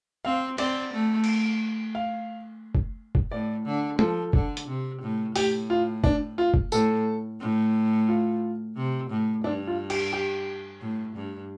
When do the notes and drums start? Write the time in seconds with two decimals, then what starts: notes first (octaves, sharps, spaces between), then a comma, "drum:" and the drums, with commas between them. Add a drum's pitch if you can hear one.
0.24 C4 F5
0.58 C4 D5, drum: cymbal
0.93 A3
1.24 drum: cymbal
1.95 F5
2.75 drum: kick F#1
3.15 drum: kick F#1
3.31 A2 D5
3.65 D3
3.99 F3 A4, drum: tom
4.33 D3, drum: kick F#1
4.57 drum: hi-hat
4.67 C3
5.02 A2
5.36 A2 G4, drum: open hi-hat
5.70 F4
6.04 D4, drum: kick F#1
6.38 F4
6.54 drum: kick F#1
6.72 A2 A4, drum: tambourine
7.40 A2
8.08 F4
8.76 C3
9.10 A2
9.44 G2 D4
9.67 F4
9.90 G4, drum: cymbal
10.13 G4
10.81 A2
11.15 G2